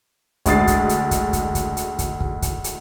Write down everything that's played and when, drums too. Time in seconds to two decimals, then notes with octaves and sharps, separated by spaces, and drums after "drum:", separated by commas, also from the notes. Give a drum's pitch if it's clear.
0.46 D2 G#3 D#6 A6 C7, drum: kick, hi-hat
0.67 drum: kick, hi-hat
0.89 drum: hi-hat
1.11 drum: kick, hi-hat
1.33 drum: kick, hi-hat
1.55 drum: kick, hi-hat
1.77 drum: hi-hat
1.99 drum: kick, hi-hat
2.20 drum: kick
2.42 drum: kick, hi-hat
2.64 drum: hi-hat